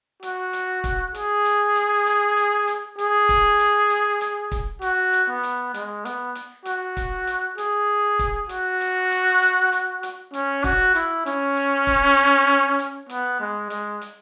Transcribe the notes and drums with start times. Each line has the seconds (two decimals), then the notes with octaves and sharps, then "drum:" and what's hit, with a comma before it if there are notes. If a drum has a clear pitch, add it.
0.23 F#4, drum: hi-hat
0.53 drum: hi-hat
0.84 drum: kick, hi-hat
1.15 G#4, drum: hi-hat
1.45 drum: hi-hat
1.76 drum: hi-hat
2.06 drum: hi-hat
2.37 drum: hi-hat
2.68 drum: hi-hat
2.99 G#4, drum: hi-hat
3.29 drum: kick, hi-hat
3.60 drum: hi-hat
3.90 drum: hi-hat
4.21 drum: hi-hat
4.52 drum: kick, hi-hat
4.82 F#4, drum: hi-hat
5.13 drum: hi-hat
5.29 B3
5.43 drum: hi-hat
5.74 G#3, drum: hi-hat
6.05 B3, drum: hi-hat
6.35 drum: hi-hat
6.65 F#4, drum: hi-hat
6.97 drum: kick, hi-hat
7.27 drum: hi-hat
7.58 G#4, drum: hi-hat
8.19 drum: kick, hi-hat
8.49 F#4, drum: hi-hat
8.81 drum: hi-hat
9.11 drum: hi-hat
9.42 drum: hi-hat
9.73 drum: hi-hat
10.03 drum: hi-hat
10.34 C#4, drum: hi-hat
10.64 F#4, drum: kick, hi-hat
10.95 E4, drum: hi-hat
11.26 C#4, drum: hi-hat
11.56 drum: hi-hat
11.87 drum: kick, hi-hat
12.18 drum: hi-hat
12.79 drum: hi-hat
13.10 B3, drum: hi-hat
13.41 G#3
13.70 G#3, drum: hi-hat
14.02 drum: hi-hat